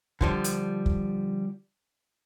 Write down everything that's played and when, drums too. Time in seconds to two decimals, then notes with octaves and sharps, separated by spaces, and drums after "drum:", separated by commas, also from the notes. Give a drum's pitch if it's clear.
0.21 D3 F3 G3, drum: kick
0.44 drum: hi-hat
0.86 drum: kick